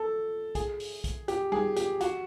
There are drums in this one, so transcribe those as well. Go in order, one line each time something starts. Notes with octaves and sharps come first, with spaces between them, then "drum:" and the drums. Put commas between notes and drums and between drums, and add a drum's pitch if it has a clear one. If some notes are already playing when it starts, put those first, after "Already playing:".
Already playing: A4
G#4, drum: kick B1, hi-hat
drum: open hi-hat
drum: kick B1, hi-hat
G4, drum: hi-hat
G#4, drum: tom G3
G4, drum: hi-hat
F#4, drum: hi-hat